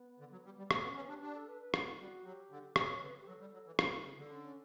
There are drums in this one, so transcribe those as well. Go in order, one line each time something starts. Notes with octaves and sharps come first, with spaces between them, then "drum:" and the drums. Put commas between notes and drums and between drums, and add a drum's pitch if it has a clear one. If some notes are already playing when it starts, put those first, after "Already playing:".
Already playing: B3
D3
F#3
G3
G3
A3 B3, drum: rim click
B3 C#4
B3 C#4
D4 G4
D4 G4
A4
B4
B4
B3, drum: rim click
G3 F#4
F#3 G4
D3
E3 G4, drum: rim click
C#5
D3 B4
G4
F#3 A4
G3
F#3
E3
E3 G4, drum: rim click
E3
C#3
D3
D4
C#4
C#4